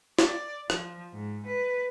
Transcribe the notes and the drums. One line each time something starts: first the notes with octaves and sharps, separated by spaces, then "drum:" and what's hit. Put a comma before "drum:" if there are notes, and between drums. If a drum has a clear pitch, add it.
D5, drum: snare
F3, drum: rim click
G#2
B4